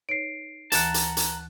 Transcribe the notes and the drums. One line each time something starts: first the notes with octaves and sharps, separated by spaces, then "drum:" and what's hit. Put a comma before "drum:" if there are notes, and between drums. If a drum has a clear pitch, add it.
D#4 B4 C#5 C7 D7
D2 E3 F#5 A5 A#5 F#6, drum: hi-hat
drum: hi-hat
drum: hi-hat